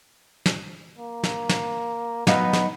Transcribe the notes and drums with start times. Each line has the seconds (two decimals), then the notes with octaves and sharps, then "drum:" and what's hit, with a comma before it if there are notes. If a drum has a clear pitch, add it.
0.46 drum: snare
0.98 A#3
1.23 drum: snare
1.49 drum: snare
2.27 F#3 B3 D#4 F5, drum: snare
2.53 drum: snare